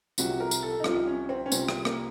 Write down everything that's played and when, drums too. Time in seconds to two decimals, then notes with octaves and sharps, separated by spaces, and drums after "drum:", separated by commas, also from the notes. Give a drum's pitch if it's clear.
0.18 C2 C3 F3 F#4, drum: tambourine
0.40 A#4
0.51 drum: tambourine
0.63 A4
0.80 D#4
0.84 C2 C3 F3 F4, drum: rim click
1.07 C#4
1.29 C4
1.46 C#4
1.52 C2 C3 F3 C4, drum: tambourine
1.68 drum: rim click
1.85 A#3, drum: rim click